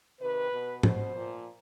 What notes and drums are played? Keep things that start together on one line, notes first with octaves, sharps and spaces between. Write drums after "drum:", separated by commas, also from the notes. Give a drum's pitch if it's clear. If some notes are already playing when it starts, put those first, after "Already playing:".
C3 D#3 B4
B2
B2 C5, drum: tom G#2
A#2 F3